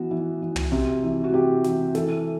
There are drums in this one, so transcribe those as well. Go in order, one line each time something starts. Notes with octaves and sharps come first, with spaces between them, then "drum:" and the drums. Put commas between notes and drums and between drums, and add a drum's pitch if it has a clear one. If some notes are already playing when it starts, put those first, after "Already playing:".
Already playing: E3 B3 F#4
E3
E3
drum: tom
C3
E3
F#4
C3 G4
E3, drum: snare
E3 A4, drum: snare